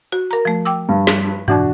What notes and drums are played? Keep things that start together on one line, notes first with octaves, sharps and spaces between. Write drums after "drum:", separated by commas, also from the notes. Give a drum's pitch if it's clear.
F#4
A#4 A#5
F3 A3
G5 D6 E6
G2
drum: snare
F2 B2 E3 D4 F#4, drum: tom G2